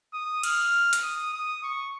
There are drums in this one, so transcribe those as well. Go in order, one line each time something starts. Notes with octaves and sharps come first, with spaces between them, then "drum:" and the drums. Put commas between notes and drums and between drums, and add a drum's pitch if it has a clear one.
D#6
F6, drum: cymbal
drum: hi-hat
D#6
D#6
C#6